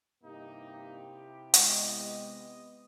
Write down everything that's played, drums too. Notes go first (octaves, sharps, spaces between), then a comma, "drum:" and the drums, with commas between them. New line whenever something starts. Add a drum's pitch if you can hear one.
G2 C3 A#3 D#4 E4 G4
E3 G#3 B3 F#4 D#5, drum: hi-hat